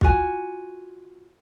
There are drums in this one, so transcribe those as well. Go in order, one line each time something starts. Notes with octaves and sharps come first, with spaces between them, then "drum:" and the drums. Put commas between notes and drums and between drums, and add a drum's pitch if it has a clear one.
F4 F#4 G#5, drum: kick